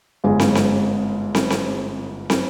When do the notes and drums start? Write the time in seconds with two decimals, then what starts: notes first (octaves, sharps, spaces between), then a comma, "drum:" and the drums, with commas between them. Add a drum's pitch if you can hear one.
0.24 G1 G#2 G#4
0.40 drum: snare
0.55 drum: snare
1.35 drum: snare
1.50 drum: snare
2.30 drum: snare